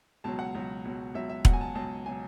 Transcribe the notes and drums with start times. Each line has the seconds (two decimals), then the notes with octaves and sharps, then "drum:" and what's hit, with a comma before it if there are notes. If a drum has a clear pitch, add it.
0.24 C#2 B2 F#3 A5
0.39 F#5
0.55 C#2 B2 F#3
0.85 C#2 B2 F#3
1.14 C#2 B2 F#3 E5
1.29 E5
1.45 C#2 B2 F#3 F#5, drum: kick E1
1.53 G#5
1.61 A5
1.75 C#2 B2 F#3 A5
2.06 B2 F#3 G#5